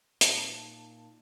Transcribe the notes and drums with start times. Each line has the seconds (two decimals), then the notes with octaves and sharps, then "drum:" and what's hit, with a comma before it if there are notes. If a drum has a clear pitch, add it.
0.21 A#2 D#4 A5, drum: hi-hat